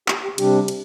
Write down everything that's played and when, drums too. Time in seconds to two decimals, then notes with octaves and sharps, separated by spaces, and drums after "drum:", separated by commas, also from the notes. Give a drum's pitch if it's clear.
0.08 G4, drum: clap
0.23 G4
0.38 C3 G3 D4 G4, drum: cymbal
0.68 drum: cymbal